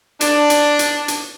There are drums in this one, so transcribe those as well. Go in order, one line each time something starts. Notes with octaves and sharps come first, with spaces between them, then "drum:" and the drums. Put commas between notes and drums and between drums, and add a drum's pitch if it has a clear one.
D4, drum: hi-hat
drum: hi-hat
drum: hi-hat
drum: hi-hat